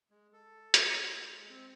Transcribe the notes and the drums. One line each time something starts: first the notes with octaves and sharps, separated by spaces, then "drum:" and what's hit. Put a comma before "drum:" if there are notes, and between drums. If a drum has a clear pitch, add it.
G#3
A4
drum: hi-hat
G#3
C4